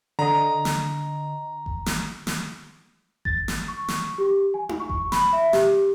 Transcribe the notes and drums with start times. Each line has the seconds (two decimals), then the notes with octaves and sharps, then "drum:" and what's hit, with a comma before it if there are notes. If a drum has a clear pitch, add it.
0.19 D3 D#5 A#5
0.65 drum: snare
1.66 drum: kick G1
1.86 drum: snare
2.27 drum: snare
3.25 A6, drum: kick G1
3.48 drum: snare
3.68 C#6
3.88 drum: snare
4.18 G4
4.54 G#5
4.69 drum: tom D#4
4.80 C#6
4.89 drum: kick G1
5.12 B5, drum: snare
5.33 E5
5.53 G4, drum: snare